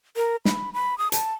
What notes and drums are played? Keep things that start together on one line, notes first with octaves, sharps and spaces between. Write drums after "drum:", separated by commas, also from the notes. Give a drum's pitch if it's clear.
A#4
B5, drum: snare
B5
D#6
A5, drum: hi-hat